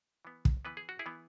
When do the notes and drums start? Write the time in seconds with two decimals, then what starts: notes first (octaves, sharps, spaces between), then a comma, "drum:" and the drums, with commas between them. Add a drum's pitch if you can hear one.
0.25 E3 B3
0.45 drum: kick
0.65 E3 B3 B4
0.77 G#4
0.89 F#4
0.99 E4 G#4
1.06 E3 B3